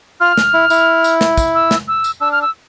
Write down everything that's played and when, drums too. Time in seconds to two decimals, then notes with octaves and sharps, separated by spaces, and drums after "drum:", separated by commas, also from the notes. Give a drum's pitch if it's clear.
0.20 F4 F6
0.37 drum: snare
0.54 E4
0.70 E4, drum: tambourine
1.04 drum: tambourine
1.21 drum: snare
1.38 drum: kick, tambourine
1.55 E6
1.71 drum: snare
1.88 E6
2.04 drum: tambourine
2.21 D4 E6
2.32 F6
2.42 E6